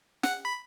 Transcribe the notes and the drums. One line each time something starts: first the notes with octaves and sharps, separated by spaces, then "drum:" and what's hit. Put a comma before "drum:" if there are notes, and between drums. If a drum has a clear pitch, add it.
F#5, drum: snare
B5